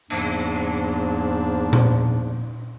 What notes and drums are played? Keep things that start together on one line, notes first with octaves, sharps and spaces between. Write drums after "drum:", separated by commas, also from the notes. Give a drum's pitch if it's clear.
E2 G#2 C#3 F3 A#3 D4, drum: cymbal
drum: tom A#2